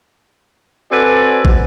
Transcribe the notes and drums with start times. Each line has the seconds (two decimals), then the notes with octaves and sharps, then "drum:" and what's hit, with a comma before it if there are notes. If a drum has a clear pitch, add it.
0.91 C4 F#4 A4 B4 D5 G#5
1.45 drum: kick